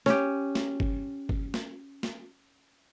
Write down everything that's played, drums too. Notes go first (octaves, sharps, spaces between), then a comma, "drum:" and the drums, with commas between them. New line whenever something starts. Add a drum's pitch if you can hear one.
C#4 G4, drum: snare
drum: snare
drum: kick
drum: kick
drum: snare
drum: snare